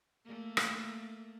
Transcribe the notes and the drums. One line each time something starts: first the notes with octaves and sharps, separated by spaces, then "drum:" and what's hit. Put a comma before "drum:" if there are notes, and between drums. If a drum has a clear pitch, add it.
A3 A#3
drum: rim click